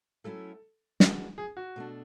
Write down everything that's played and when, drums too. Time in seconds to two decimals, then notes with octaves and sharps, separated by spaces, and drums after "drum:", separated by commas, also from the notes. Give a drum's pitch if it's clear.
0.24 F#3 A3 C#4 E4 A4
1.00 E3 G#3 D4 F#4, drum: snare
1.38 G#4
1.57 F#4
1.76 B2 A3 D4